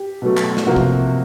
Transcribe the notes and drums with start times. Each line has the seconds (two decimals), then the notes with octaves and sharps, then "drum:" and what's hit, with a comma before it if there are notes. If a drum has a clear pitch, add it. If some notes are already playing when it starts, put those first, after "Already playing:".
Already playing: G4
0.22 B2 F#3 A3
0.37 drum: clap
0.57 drum: snare
0.67 C3 F3 A#3 F#4
0.76 drum: kick